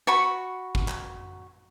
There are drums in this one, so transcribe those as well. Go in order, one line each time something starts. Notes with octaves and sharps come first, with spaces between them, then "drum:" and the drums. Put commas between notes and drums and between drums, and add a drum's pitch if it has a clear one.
F#4 B5 C#6
drum: kick G1
drum: clap